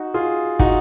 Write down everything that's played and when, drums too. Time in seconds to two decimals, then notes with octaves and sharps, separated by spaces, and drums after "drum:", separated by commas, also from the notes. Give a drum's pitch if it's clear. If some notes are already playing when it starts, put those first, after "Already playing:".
Already playing: D#4 F#4
0.14 F4 G#4
0.59 D#4 F#4, drum: kick